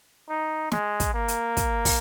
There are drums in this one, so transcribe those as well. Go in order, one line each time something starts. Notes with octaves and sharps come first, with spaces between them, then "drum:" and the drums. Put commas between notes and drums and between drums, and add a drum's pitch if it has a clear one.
D#4
G#3, drum: snare
drum: kick, hi-hat
A#3
drum: hi-hat
drum: kick, hi-hat
drum: kick, open hi-hat